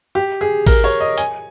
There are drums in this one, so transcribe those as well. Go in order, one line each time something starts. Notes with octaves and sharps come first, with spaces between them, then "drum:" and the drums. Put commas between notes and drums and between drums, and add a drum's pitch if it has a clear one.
G4
G#4
A#4, drum: kick, open hi-hat
C#5
D#5
G#5, drum: hi-hat